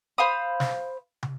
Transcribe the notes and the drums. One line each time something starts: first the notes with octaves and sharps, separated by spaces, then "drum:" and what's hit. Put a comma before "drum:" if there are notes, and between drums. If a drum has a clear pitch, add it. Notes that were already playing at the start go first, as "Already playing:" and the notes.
C5 F5 B5 D#6
drum: snare
drum: tom